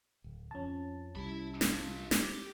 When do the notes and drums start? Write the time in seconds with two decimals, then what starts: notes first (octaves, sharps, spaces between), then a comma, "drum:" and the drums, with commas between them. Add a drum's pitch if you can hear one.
0.24 D1
0.51 F2 F3 C#4 A5
1.16 C2 G3 E4 B5
1.61 D4 F4, drum: snare
2.11 drum: snare
2.21 G4